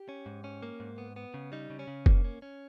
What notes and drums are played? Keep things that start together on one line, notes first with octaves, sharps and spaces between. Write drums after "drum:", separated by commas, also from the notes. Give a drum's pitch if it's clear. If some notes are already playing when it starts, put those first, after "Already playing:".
Already playing: G4
C#4
G#2
C#4
A#3
G#2
B3
B3
C#3
G3 D#4
C#3
C#4
C#3
A#3, drum: kick
C#4
C#4